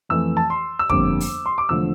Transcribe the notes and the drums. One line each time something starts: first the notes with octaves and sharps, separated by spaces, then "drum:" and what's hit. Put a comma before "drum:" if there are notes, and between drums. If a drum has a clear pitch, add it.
F2 E3 A3 E6
A5
C6
E6
G1 F2 D3 G3 A#3 D6, drum: kick
drum: open hi-hat
C6
D6
E1 D3 F3 A3 E6